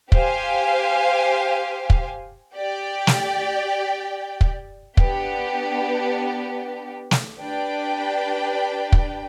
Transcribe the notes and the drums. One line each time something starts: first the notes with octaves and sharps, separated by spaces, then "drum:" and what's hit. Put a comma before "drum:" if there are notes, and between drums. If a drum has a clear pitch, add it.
G4 C5 F5 G#5, drum: kick
drum: kick
G4 D5 G5
drum: snare
drum: kick
B3 D4 G4, drum: kick
drum: snare
D4 G4 B4 D5 G5
drum: kick